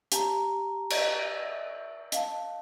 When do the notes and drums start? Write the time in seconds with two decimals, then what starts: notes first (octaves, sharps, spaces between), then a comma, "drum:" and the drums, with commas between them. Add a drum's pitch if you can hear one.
0.12 G4 A5 A#5, drum: hi-hat
0.90 drum: cymbal
1.42 E5
2.12 D#5 F5 A5, drum: hi-hat